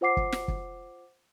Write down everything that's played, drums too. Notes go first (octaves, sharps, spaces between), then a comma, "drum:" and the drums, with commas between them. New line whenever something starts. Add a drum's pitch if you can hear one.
F4 C5 F#5 D6 C7
drum: kick
drum: snare
drum: kick